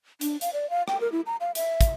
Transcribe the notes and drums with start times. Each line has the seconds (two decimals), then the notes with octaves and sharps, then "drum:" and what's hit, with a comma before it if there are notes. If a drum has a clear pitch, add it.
0.21 D4, drum: hi-hat
0.41 F5, drum: hi-hat
0.53 D5
0.70 F5
0.88 G5, drum: rim click
1.01 A#4
1.12 E4
1.26 A#5
1.41 F5
1.55 E5, drum: hi-hat
1.81 drum: kick, hi-hat